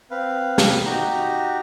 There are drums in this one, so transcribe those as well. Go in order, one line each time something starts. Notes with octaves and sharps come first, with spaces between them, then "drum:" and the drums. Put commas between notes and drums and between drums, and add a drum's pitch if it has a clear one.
C4 B4 F5
drum: snare
D#4 F#4 G4 A#5